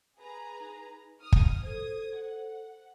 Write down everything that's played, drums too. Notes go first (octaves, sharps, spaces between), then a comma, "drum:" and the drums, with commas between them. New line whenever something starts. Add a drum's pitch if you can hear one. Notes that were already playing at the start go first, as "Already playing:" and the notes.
G#4 B4 A#5
D#4
D#6 F6
drum: kick
A4 C5 D#6 G#6
F#5